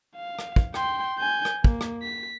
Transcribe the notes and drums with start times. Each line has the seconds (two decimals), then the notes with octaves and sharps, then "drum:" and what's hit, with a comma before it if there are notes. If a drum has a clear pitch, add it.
0.16 F5
0.39 drum: rim click
0.56 drum: kick
0.74 G5 C6, drum: rim click
1.19 G#5 G6
1.45 drum: rim click
1.64 A#3, drum: kick
1.81 drum: rim click
2.02 B6